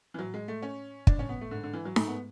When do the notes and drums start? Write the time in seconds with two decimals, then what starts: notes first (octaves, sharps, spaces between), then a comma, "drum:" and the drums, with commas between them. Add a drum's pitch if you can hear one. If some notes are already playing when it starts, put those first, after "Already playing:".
0.14 E3
0.18 A2 F#3
0.34 G#3
0.48 A3
0.62 C#4
1.07 A2 D4, drum: kick
1.19 C#4
1.29 B3
1.41 A3
1.51 G#2 D3
1.63 D3
1.73 E3
1.85 F#3
1.96 G#2 A3, drum: snare D#4
2.08 B3